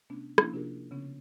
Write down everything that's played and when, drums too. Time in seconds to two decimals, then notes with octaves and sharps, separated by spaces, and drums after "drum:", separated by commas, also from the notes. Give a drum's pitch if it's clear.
0.10 C3 A3 B3 C#4 D4
0.38 F3 A#3 C#4 D4 E4, drum: rim click
0.53 C3 D4 F4 G4 G#4 A#4
0.91 C#3 B3 C#4